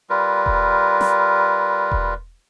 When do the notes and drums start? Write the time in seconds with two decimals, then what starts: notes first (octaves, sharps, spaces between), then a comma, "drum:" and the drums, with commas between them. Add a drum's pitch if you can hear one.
0.10 G3 F4 A#4 B4
0.46 drum: kick E1
1.01 drum: snare
1.92 drum: kick E1